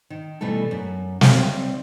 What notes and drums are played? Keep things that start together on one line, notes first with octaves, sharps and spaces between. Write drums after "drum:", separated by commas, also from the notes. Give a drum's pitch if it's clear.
D#3
B2 E3 G3 A3 A4
F#2
D#2 G3 C4 D5 E5, drum: snare